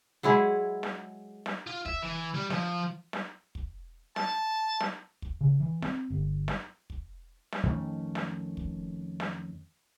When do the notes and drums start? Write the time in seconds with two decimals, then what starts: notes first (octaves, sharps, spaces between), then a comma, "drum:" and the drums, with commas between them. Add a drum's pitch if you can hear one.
0.23 F#3 G#3 E4 G#4
0.83 drum: snare
1.46 drum: snare
1.67 F4
1.86 E5, drum: kick
2.02 E3
2.34 G3
2.50 F3, drum: snare
3.13 drum: snare
3.55 drum: kick
4.16 A5, drum: snare
4.80 drum: snare
5.22 drum: kick
5.41 C#3
5.60 E3
5.82 C4, drum: snare
6.10 G1
6.48 drum: snare
6.90 drum: kick
7.52 drum: snare
7.63 F2 D#3 A3 C#4
8.15 drum: snare
8.57 drum: kick
9.20 drum: snare